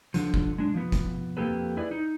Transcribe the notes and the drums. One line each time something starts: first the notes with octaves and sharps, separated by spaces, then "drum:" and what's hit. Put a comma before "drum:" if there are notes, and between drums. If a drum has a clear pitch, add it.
D3 F3, drum: hi-hat
drum: kick
G#3 D4
F3 B3
drum: kick, hi-hat
F2 F3 A#3 G4 A4 B4
E4 G#4 B4 D5
D#4